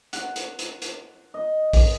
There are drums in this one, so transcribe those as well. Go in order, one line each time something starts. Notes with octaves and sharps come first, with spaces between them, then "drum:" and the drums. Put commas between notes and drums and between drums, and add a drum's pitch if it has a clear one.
F#5, drum: hi-hat
drum: hi-hat
drum: hi-hat
drum: hi-hat
D#5
drum: kick A#1, open hi-hat